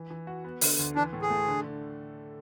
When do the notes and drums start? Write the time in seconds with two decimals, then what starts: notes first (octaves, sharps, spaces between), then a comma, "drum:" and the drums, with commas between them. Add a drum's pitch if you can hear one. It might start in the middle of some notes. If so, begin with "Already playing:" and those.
Already playing: E3
0.10 E3
0.27 F#4
0.44 B3
0.61 D3, drum: open hi-hat
0.79 D2
0.95 E3 D4
1.13 A2
1.22 G#4
1.30 A3
1.47 D3
1.64 D3